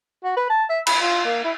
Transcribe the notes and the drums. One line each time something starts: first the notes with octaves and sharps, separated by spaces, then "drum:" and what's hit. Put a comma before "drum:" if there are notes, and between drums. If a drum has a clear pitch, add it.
F#4
B4
A5
E5
B5, drum: cymbal
F4
A#3
E4